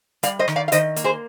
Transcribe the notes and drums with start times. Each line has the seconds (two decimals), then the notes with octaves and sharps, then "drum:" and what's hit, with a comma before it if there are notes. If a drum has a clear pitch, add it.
0.23 G3 D5 F5, drum: hi-hat
0.39 C5 D#5
0.48 D#3, drum: rim click
0.56 D5 F5
0.68 F5
0.72 D#3 C5 D#5, drum: hi-hat
0.96 A#3, drum: hi-hat
1.04 G#4 C5